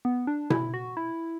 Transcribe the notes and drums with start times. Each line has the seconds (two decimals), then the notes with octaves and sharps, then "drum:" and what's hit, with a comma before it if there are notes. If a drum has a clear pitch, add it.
0.05 B3
0.27 D4
0.50 E4, drum: tom B2
0.74 F#4
0.97 E4